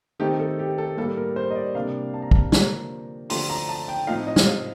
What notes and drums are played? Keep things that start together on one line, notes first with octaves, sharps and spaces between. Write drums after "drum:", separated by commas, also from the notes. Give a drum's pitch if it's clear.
D#3 A3 C4 D#4 G4
A4
G4
A4
A2 G3 A#3 A4
A#4
C5
D#5
D5
C3 G3 A#3 D4 F5
A5
A#5
A5, drum: kick
D3 F3 A#3 A#5, drum: snare
D3 F3 A3 C6, drum: open hi-hat
A#5
A5
G5
A2 F3 C4 D#4 F5
D#5
drum: snare
F5